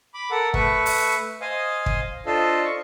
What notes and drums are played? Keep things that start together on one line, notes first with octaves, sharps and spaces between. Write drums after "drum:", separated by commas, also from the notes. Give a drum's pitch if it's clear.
B5 D6
A4 A#4 F#5
A3 B4 E5 C#6, drum: kick
drum: open hi-hat
C5 D#5 F5 G#5 D#6
drum: kick
D4 F4 A4 C5 D#5
C#6